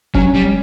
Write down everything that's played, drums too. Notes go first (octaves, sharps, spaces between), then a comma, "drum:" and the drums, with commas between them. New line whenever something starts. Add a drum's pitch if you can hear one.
F#3 C#4, drum: kick F1
G3